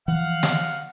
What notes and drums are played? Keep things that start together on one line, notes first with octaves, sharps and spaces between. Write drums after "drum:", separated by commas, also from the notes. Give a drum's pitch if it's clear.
E3 F3 F5 F#5
drum: snare